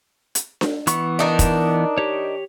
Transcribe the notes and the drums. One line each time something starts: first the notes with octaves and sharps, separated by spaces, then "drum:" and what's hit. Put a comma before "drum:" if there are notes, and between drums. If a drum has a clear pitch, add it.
drum: hi-hat
drum: snare D4
E3 B3 C#6, drum: hi-hat
D4 D#4 A#4
drum: kick, hi-hat
G4 C#5